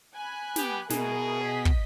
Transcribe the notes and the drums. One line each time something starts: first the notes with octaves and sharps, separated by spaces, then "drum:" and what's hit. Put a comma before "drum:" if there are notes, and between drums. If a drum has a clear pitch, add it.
G#5 B5 F#6
B3 G4, drum: snare
B2 E4 G#4 A#4, drum: snare
D#5 B6
drum: kick